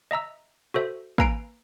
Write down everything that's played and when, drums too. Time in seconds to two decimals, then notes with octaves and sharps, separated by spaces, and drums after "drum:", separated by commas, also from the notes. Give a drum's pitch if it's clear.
0.11 D#5 E5 A#5 E6
0.74 F#4 A4 C5 E5
1.18 A#3 B4 G#5 A#5 C7 D7, drum: kick